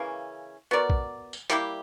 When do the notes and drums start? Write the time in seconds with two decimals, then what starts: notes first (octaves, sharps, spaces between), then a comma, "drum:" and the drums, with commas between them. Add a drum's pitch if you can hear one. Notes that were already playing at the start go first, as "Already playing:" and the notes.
Already playing: C#3 E3 A#3 C#4
0.71 B3 F#4 A#4 D5
0.90 drum: kick A#1
1.33 drum: tambourine
1.50 G3 A#3 E4 G4, drum: hi-hat